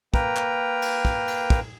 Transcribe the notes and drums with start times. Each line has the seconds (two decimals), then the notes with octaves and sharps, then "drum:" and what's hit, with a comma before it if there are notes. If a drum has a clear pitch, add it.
0.14 A#3 A#4 B4 G5 A#5, drum: kick
0.36 drum: clap
0.82 drum: cymbal
1.05 drum: kick
1.28 drum: cymbal
1.50 drum: kick